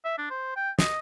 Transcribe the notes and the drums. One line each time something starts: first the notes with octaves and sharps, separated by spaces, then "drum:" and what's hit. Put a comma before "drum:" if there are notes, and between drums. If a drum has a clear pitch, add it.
E5
D4
C5
G5
D#5, drum: snare